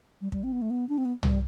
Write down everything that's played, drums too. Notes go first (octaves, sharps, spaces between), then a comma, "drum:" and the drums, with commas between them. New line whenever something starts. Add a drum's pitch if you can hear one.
G3
G3, drum: kick
C4
B3
A3
B3
D4
C4
B3
G3, drum: tom